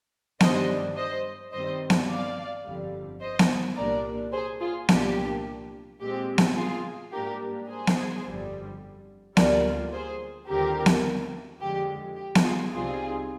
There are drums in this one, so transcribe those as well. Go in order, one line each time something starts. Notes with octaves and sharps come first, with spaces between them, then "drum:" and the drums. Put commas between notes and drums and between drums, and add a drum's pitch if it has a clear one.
G2 D#3 G3 D4 C5 D#5, drum: snare B3
C5 D#5
G2 D#3 G3 C4 C5 D#5
drum: snare B3
D5 F5
G1 F2 D3 G3
C5 D#5
drum: snare B3
C2 A#2 G3 D4 A#4 D5
G#4 C5
F4 G#4
C2 A#2 F3 A#3 D4 G4, drum: snare B3
A#2 G#3 C4 G4
drum: snare B3
F4 G#4
G#2 G3 A#3 D4 G4 A#4
G#4 C5
drum: snare B3
G1 F2 D3 G3
D2 D3 G3 A#3 F4 A#4 D5, drum: snare B3
G#4 C5
D#2 D3 G3 C4 F4 G4 A#4
drum: snare B3
F2 D3 F3 G#3 G4
G4
drum: snare B3
F4 G#4
C2 C3 G3 C4 D#4 F4 G#4